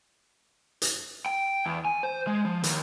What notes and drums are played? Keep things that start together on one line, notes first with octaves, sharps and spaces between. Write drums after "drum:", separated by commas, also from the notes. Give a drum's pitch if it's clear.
drum: hi-hat
G5
E2
G#5
C5
G#3
F3
D#2, drum: hi-hat